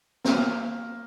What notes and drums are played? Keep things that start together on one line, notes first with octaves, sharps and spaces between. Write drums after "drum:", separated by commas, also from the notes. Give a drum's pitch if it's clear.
A#3, drum: snare